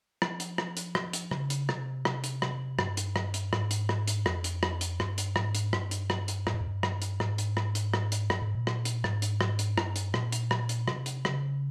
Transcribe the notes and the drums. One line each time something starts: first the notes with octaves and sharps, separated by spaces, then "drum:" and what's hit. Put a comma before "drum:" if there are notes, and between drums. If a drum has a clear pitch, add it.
F3, drum: rim click
drum: hi-hat
drum: rim click
drum: hi-hat
drum: rim click
drum: hi-hat
C#3, drum: rim click
drum: hi-hat
C3, drum: rim click
drum: rim click
drum: hi-hat
drum: rim click
G2, drum: rim click
drum: hi-hat
drum: rim click
drum: hi-hat
G#2, drum: rim click
drum: hi-hat
drum: rim click
drum: hi-hat
F2, drum: rim click
drum: hi-hat
drum: rim click
drum: hi-hat
G2, drum: rim click
drum: hi-hat
G#2, drum: rim click
drum: hi-hat
G2, drum: rim click
drum: hi-hat
drum: rim click
drum: hi-hat
G#2, drum: rim click
G2
F2
G2
drum: rim click
drum: hi-hat
G#2, drum: rim click
drum: hi-hat
drum: rim click
drum: hi-hat
drum: rim click
drum: hi-hat
G2, drum: rim click
G#2
A#2
drum: rim click
drum: hi-hat
G#2, drum: rim click
drum: hi-hat
drum: rim click
drum: hi-hat
G2, drum: rim click
drum: hi-hat
A#2, drum: rim click
drum: hi-hat
drum: rim click
drum: hi-hat
C3, drum: rim click
drum: hi-hat
C#3, drum: rim click